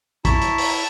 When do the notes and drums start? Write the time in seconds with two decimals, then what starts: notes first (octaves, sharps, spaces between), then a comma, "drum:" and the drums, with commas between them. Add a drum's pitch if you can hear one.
0.25 E4 A5 A#5 C#6 B6, drum: kick, hi-hat
0.42 drum: hi-hat
0.58 drum: open hi-hat